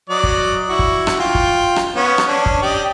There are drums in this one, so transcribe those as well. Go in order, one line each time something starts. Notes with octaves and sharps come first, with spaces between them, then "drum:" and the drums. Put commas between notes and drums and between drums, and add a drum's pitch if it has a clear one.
F#3 D5 D#5
drum: kick
E4 F#4
drum: kick
drum: rim click
F4 G5
drum: kick
drum: rim click
B3 C#4 C#5
drum: rim click
C#4 D4
drum: kick
G4 D5 D#5